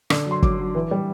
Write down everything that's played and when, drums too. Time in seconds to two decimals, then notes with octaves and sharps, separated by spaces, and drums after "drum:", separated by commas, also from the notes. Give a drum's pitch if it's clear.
0.10 D3, drum: rim click
0.26 F#3 C6
0.43 F#3 D6, drum: kick
0.58 F#3
0.75 E3
0.91 G3